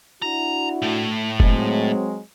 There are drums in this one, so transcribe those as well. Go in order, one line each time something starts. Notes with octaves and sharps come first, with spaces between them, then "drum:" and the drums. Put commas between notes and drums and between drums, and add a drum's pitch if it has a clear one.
D4 E4 F#4 A#5
A2 A3
F#3 G#3 C4, drum: kick F1